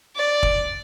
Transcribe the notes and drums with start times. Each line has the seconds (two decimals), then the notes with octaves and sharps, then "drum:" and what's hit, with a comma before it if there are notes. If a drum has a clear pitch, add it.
0.15 D5
0.43 drum: kick